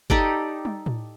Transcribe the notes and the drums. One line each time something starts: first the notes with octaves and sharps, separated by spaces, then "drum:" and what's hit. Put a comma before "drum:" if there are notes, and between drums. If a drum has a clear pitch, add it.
D#4 G4 A4 D5, drum: kick G1
drum: tom
drum: tom A2